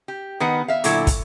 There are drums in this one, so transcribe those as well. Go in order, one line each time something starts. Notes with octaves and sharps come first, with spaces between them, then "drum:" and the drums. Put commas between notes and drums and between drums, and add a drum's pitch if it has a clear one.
G4
D#3 B3 F#5
E5 F5
A#2 D3 F#3 E4 A4, drum: hi-hat
drum: kick, hi-hat